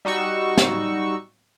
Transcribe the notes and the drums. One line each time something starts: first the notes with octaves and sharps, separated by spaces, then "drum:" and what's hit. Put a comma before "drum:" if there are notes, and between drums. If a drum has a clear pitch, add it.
G3 D#4 F#4 C#6 E6
drum: snare